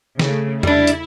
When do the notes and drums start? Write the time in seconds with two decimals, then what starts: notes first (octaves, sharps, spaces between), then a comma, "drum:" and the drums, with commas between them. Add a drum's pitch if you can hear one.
0.19 C#3 A3, drum: snare
0.63 G3 D4 E4, drum: tom E2
0.87 drum: hi-hat